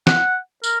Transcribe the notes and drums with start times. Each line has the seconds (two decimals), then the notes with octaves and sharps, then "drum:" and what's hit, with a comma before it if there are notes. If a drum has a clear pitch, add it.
0.07 F#5, drum: snare
0.64 A#4, drum: tambourine